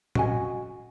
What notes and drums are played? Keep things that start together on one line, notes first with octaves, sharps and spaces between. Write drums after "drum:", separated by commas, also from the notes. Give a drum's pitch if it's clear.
F#4 D#5 G#5, drum: tom A#2